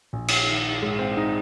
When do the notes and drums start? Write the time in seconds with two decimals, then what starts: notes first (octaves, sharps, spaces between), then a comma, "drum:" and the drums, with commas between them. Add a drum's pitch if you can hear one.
0.13 A#1
0.28 drum: cymbal
0.47 D#3
0.82 G#2 G#3
0.99 C4
1.17 D#4